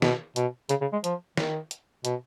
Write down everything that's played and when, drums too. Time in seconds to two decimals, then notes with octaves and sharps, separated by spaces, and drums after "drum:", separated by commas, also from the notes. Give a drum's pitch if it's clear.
0.02 B2, drum: snare
0.36 B2, drum: hi-hat
0.69 C#3, drum: hi-hat
0.81 C#3
0.93 G#3
1.04 F3, drum: hi-hat
1.37 D#3, drum: snare
1.71 drum: hi-hat
2.05 B2, drum: hi-hat